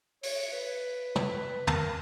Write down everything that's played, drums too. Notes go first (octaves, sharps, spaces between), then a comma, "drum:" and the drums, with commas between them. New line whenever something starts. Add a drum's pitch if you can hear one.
C#5, drum: open hi-hat
B4
drum: tom
B4
A#4, drum: tom